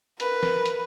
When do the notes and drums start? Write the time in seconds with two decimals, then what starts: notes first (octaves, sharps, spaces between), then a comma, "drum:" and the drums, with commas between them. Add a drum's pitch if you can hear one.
0.20 A#4 B4, drum: hi-hat
0.43 drum: snare
0.66 drum: hi-hat